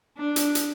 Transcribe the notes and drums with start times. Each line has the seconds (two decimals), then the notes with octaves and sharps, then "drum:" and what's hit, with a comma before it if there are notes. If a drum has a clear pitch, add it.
0.17 D4
0.36 drum: hi-hat
0.55 drum: hi-hat